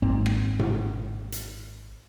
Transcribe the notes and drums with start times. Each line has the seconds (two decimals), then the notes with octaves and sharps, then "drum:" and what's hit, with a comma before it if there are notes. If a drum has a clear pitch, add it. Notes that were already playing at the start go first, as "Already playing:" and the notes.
0.02 G#1 G#2 A#3 C4
0.26 drum: rim click
0.59 drum: tom A2
1.32 drum: hi-hat